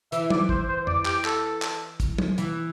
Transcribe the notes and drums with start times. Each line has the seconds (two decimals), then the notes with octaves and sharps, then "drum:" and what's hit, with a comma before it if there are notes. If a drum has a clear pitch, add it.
0.12 E3 E5, drum: hi-hat
0.30 D5, drum: tom
0.49 C5, drum: kick
0.68 C5
0.87 D5, drum: tom F2
1.06 G4, drum: clap
1.25 A4, drum: clap
1.62 drum: clap
2.00 drum: kick, hi-hat
2.18 drum: tom
2.38 E3, drum: hi-hat